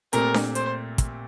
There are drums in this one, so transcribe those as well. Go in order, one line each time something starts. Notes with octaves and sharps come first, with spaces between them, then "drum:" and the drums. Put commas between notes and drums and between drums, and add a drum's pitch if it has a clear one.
A#2 A3 C4 G4 A#4, drum: hi-hat
drum: snare D4
C5, drum: hi-hat
drum: kick, hi-hat